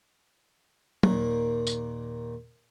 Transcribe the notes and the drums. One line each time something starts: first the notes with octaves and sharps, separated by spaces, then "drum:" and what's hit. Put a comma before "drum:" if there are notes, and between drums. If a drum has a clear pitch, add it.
D#2 A#2 D#3, drum: tom
drum: tambourine